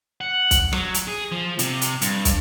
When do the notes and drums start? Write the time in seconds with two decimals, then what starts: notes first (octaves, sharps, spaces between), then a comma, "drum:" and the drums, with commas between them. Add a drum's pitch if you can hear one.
0.21 F#5
0.51 drum: kick, hi-hat
0.73 F#3, drum: rim click
0.94 drum: hi-hat
1.07 G#4
1.32 F3
1.59 C3, drum: hi-hat
1.81 drum: hi-hat
2.01 G2, drum: hi-hat
2.25 drum: kick, hi-hat